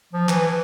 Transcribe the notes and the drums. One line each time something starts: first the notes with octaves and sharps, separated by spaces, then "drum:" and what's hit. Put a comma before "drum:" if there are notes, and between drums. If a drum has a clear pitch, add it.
F3
E3, drum: clap